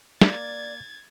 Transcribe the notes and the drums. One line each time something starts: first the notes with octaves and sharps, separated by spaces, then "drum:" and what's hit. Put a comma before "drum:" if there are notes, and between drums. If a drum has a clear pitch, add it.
A#3 D5 G#6 A6, drum: snare